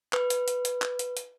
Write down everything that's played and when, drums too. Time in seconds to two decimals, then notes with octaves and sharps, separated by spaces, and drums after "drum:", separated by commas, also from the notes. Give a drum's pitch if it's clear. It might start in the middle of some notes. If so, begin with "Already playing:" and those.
0.13 B4, drum: clap
0.30 drum: hi-hat
0.48 drum: hi-hat
0.65 drum: hi-hat
0.82 drum: clap
0.99 drum: hi-hat
1.17 drum: hi-hat